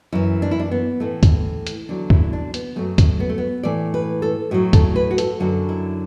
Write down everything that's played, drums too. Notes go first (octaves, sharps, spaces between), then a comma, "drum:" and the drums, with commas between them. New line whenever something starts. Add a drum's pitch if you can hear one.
F#2 E3 E4
D4
E4
D4
B3
A2 E3 A3
drum: kick, hi-hat
drum: hi-hat
E2 D3 F#3 D4
E4, drum: kick
D4
B3, drum: hi-hat
F#2 F#3 A3
drum: kick, hi-hat
B3
A3
B3
A2 E3 D5
B4
A4
A2 F#3 F#4
A4, drum: kick, hi-hat
B4
F#4
A4, drum: hi-hat
F#2 D3 F#3 F#4
E4